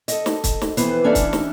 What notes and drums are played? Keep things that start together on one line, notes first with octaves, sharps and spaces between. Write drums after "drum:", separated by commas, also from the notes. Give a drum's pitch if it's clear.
A4 D#5, drum: hi-hat
drum: snare
drum: kick, hi-hat
drum: snare
F2 E3 B3 B4 C5, drum: hi-hat
E3 C#4 D4 A4 D5 E5
drum: kick, hi-hat
drum: snare